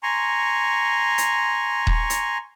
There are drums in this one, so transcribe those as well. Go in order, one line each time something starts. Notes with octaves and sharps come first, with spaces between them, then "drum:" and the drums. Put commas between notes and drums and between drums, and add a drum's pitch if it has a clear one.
G#5 A#5 C6 C#6
drum: hi-hat
drum: kick D#1
drum: hi-hat